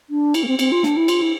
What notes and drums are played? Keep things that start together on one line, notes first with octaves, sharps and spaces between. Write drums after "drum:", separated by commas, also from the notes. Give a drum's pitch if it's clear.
D4
E4, drum: cymbal
A#3
C4
C4, drum: cymbal
F4
D4, drum: snare
E4
F4, drum: cymbal
E4